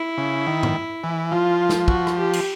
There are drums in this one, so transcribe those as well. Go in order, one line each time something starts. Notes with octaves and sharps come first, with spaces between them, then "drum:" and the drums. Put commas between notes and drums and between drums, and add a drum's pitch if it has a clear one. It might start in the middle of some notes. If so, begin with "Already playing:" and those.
Already playing: E4
C#3
D#3
drum: tom G#2
E3
F3 F4
drum: snare
F#4, drum: kick
drum: rim click
G4
drum: cymbal